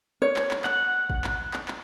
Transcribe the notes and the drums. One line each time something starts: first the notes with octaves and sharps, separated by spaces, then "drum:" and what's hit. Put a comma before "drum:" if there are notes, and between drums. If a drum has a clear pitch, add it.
C#5
drum: clap
drum: clap
F#5, drum: clap
drum: kick
drum: clap
drum: clap
drum: clap